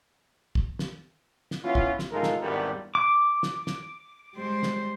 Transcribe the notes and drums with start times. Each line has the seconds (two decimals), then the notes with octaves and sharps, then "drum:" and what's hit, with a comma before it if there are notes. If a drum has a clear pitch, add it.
0.55 drum: kick
0.79 drum: snare
1.51 drum: snare
1.64 B3 C#4 E4 F4
1.75 drum: kick
1.99 drum: snare
2.11 A1 G#3 D#4 F4 A4 A#4
2.23 drum: snare
2.42 G#1 E2 G2 G3 B3 A#4
2.95 D6
3.43 drum: snare
3.67 drum: snare
4.36 G3 G#3 C5
4.63 drum: snare